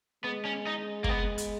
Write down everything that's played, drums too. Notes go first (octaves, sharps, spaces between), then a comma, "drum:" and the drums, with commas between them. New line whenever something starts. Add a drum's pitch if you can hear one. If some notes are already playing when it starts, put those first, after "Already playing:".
G#3 B3
C#4
D#4
A#3, drum: kick
B3
drum: hi-hat